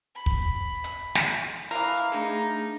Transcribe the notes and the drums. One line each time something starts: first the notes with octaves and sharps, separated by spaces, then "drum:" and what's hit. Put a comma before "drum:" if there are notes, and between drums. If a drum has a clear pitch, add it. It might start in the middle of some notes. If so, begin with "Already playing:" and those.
B5
drum: kick
drum: hi-hat
drum: snare
E3 A#4 F5
A3 D4 D#4 G#4